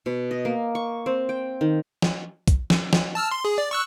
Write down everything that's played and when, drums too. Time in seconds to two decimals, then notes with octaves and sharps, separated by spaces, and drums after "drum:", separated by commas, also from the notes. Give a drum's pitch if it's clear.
0.06 B2
0.31 D#5
0.45 A#3
0.75 C#6
1.06 C4
1.29 G5
1.61 D#3
2.02 drum: snare
2.48 drum: kick, hi-hat
2.70 drum: snare
2.93 drum: snare
3.15 A5 E6 F6
3.31 C6
3.45 G#4
3.58 D5
3.71 C#6 E6 F#6